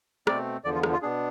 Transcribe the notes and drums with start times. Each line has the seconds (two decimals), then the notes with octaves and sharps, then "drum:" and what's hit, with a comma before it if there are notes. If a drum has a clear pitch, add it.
0.27 B2 A3 C4 D5, drum: rim click
0.64 E2 D3 F3 D5
0.74 F4
0.83 drum: rim click
0.93 F4
1.02 B2 B3 D4 G#4